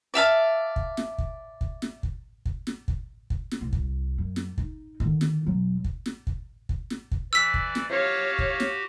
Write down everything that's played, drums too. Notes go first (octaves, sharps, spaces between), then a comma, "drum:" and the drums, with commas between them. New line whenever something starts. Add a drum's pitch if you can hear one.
D5 E5 F5 A5
drum: kick
drum: snare
drum: kick
drum: kick
drum: snare
drum: kick
drum: kick
drum: snare
drum: kick
drum: kick
drum: snare
C2
drum: kick
F#2
drum: snare
D#4, drum: kick
D3 D#3, drum: kick
drum: snare
E1 F#3
drum: kick
drum: snare
drum: kick
drum: kick
drum: snare
drum: kick
E3 D5 E6 B6
drum: kick
drum: snare
F#4 G4 C#5 F5
drum: kick
drum: snare